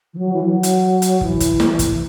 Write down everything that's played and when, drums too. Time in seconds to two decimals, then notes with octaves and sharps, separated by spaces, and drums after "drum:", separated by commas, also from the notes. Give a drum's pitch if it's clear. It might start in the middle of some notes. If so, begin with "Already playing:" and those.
0.14 E3
0.18 F#3
0.33 E3
0.44 F#3
0.63 drum: hi-hat
1.02 drum: hi-hat
1.21 E3, drum: kick
1.40 drum: kick, hi-hat
1.60 drum: snare
1.79 drum: kick, hi-hat